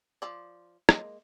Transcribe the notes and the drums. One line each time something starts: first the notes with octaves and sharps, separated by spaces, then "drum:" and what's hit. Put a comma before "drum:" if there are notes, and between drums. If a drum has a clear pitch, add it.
F3 D5
G#3 A#3, drum: rim click